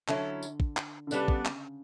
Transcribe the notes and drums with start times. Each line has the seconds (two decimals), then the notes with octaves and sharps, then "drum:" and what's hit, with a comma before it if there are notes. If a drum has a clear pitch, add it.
0.08 D3 F#3 C#4 E4 A4, drum: clap
0.43 drum: tambourine
0.60 drum: kick
0.77 drum: clap
1.07 D3
1.11 C#3 G3 B3 D4 A4, drum: tambourine
1.28 drum: kick
1.45 drum: clap